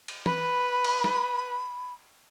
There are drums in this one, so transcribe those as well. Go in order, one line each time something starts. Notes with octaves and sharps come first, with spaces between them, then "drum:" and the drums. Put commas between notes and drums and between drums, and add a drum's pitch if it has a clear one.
drum: cymbal
B4 B5, drum: tom
drum: cymbal
drum: snare